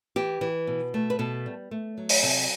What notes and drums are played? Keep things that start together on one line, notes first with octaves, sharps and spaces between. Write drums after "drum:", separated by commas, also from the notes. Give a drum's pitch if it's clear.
E3 G4
E3
B2
A3
B4
B2 A4
G3
A3
F#3
drum: open hi-hat
C3 A4